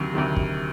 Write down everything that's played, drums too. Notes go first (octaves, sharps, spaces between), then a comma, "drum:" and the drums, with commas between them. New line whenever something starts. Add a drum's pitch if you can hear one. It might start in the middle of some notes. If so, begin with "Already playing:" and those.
Already playing: D2 C3 D#3 F#3
D2 C3 D#3 F#3
drum: kick